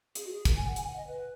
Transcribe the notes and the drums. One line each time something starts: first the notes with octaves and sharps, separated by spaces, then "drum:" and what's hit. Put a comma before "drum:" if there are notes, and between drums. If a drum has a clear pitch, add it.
G#4, drum: hi-hat
F#4
G#4
A#4, drum: kick, hi-hat
G#5
F#5
G#5, drum: hi-hat
F#5
D#5
B4